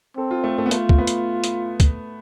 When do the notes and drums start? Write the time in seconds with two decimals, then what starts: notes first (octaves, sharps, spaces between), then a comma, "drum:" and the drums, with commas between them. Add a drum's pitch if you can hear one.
0.17 C4 A4
0.31 F4
0.44 A3
0.58 A3
0.66 B3
0.71 A3 F4, drum: hi-hat
0.89 drum: kick
0.98 B3
1.07 drum: hi-hat
1.44 drum: hi-hat
1.80 drum: kick, hi-hat